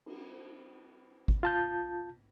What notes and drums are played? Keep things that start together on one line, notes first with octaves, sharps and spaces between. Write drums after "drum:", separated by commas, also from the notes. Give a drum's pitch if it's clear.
drum: cymbal
drum: kick
F4 A5 G6